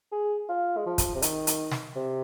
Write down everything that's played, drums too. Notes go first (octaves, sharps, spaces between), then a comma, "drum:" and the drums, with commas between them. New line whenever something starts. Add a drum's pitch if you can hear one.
G#4
F4
G#3
F3
drum: kick, hi-hat
C3
D#3, drum: hi-hat
drum: hi-hat
drum: snare
C3